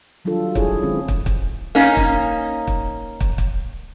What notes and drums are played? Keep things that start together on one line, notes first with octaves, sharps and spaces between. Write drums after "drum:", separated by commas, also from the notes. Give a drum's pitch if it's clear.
D#3 F#3 G3 D4 F4 A4
E4 G#4 C#5, drum: kick
D#3 G#3 C4 C#4
drum: kick
drum: kick
A#3 C#4 D#4
drum: kick
drum: kick
drum: kick
drum: kick